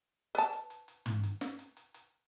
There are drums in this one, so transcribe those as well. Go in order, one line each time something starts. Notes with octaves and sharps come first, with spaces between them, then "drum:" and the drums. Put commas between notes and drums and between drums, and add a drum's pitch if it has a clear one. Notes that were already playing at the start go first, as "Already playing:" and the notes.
B4 A5, drum: hi-hat
drum: hi-hat
drum: hi-hat
drum: hi-hat
drum: tom
drum: hi-hat
drum: snare
drum: hi-hat
drum: hi-hat
drum: hi-hat